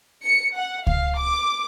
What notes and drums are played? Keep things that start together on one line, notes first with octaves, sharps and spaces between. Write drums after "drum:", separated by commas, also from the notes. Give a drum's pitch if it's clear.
C#7
F#5
F5, drum: kick C#2
D6